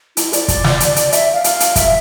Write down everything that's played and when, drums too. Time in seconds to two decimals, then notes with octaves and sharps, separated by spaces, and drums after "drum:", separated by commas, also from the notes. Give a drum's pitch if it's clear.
0.17 E4, drum: hi-hat
0.33 D5, drum: hi-hat
0.48 drum: kick, hi-hat
0.64 drum: snare
0.80 drum: hi-hat
0.96 drum: hi-hat
1.12 E5, drum: hi-hat
1.33 F5
1.44 drum: hi-hat
1.60 drum: hi-hat
1.76 E5, drum: kick, hi-hat